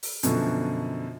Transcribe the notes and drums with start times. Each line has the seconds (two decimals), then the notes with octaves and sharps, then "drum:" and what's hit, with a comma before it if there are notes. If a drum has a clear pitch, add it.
0.03 drum: open hi-hat
0.23 F#2 B2 D3 F3, drum: hi-hat